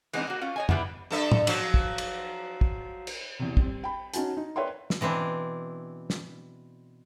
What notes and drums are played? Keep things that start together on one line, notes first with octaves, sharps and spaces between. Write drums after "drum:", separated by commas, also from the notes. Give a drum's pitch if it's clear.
E3 G#3 B3 C4 D4 D#4, drum: cymbal
A#3 F#4
C#4 F4
C#5 D#5 G#5
B3 D4 E4 F4 G4 B4, drum: tom
G2 A4 E5
drum: tom
F3 F#3, drum: cymbal
drum: kick
drum: cymbal
drum: kick
drum: cymbal
E2 C3
G3 C4, drum: kick
G5 B5
C#4 D#4 F#4 G#5 A5, drum: hi-hat
D#4
B4 C#5 D5 E5 G5 C6
drum: snare
B2 E3 C4 D4 E4
drum: snare